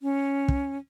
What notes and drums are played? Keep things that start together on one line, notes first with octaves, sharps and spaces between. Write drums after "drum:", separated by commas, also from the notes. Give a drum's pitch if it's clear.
C#4
drum: kick